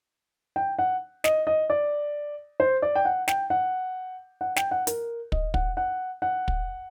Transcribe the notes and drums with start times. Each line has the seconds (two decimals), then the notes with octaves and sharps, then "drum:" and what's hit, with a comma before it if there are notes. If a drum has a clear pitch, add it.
0.56 G5
0.79 F#5
1.24 D#5, drum: snare
1.47 D#5
1.70 D5
2.60 C5
2.82 D5
2.96 G5
3.05 F#5
3.28 G5, drum: snare
3.50 F#5
4.41 F#5
4.56 G5, drum: snare
4.71 F#5
4.87 A#4, drum: hi-hat
5.32 D#5, drum: kick
5.54 F#5, drum: kick
5.77 F#5
6.22 F#5
6.48 drum: kick